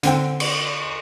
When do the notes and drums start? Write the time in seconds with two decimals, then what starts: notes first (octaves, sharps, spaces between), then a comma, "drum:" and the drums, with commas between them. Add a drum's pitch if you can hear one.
0.03 D3 C4 G5, drum: hi-hat
0.40 drum: cymbal